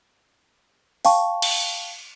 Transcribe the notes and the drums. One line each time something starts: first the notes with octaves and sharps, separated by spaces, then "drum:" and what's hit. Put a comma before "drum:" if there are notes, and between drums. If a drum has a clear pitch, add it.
F5 G5 A5 C#6, drum: open hi-hat
drum: cymbal